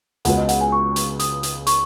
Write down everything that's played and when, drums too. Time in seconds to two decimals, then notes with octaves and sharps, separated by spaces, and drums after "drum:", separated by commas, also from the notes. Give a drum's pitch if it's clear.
0.25 C#2 C#3 G#3 B3 F#4 F#5, drum: hi-hat
0.37 D#5
0.49 F#5, drum: hi-hat
0.61 G#5
0.72 C#6
0.96 drum: hi-hat
1.19 D#6, drum: hi-hat
1.43 drum: hi-hat
1.67 C#6, drum: hi-hat